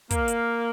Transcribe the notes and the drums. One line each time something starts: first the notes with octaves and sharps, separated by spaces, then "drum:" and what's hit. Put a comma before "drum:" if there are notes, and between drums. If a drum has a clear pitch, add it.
A#3, drum: kick, hi-hat
drum: hi-hat